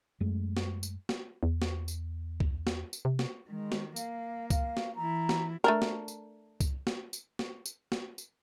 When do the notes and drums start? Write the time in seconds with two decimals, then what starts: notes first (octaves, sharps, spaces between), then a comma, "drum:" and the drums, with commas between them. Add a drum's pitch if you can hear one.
0.20 F#2 G#3 A3
0.57 drum: snare
0.83 drum: tambourine
1.09 drum: snare
1.43 E2
1.62 drum: snare
1.88 drum: tambourine
2.40 drum: kick C2
2.67 drum: snare
2.93 drum: tambourine
3.05 C3
3.19 drum: snare
3.49 D#3 G#3
3.72 drum: snare
3.96 A#3 F5, drum: tambourine
4.50 F5, drum: kick C2, tambourine
4.77 drum: snare
4.96 E3 E4 A#5
5.29 drum: snare
5.64 A3 D4 A#4
5.82 drum: snare
6.08 drum: tambourine
6.60 drum: kick C2, tambourine
6.87 drum: snare
7.13 drum: tambourine
7.39 drum: snare
7.65 drum: tambourine
7.92 drum: snare
8.18 drum: tambourine